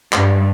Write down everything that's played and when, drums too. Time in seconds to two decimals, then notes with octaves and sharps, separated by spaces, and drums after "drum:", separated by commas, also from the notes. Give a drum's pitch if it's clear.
0.13 G2, drum: clap